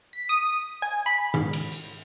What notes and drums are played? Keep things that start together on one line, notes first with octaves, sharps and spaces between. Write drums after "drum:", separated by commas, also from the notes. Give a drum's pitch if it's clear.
B6
D#6
G#5
B5
G#2, drum: tom D#3
drum: cymbal
drum: tambourine